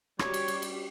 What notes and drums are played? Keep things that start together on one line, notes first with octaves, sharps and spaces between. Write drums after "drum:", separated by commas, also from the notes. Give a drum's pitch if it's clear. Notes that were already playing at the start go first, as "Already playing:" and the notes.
G3 F#4 G4 C#5, drum: rim click
drum: cymbal
drum: cymbal
drum: cymbal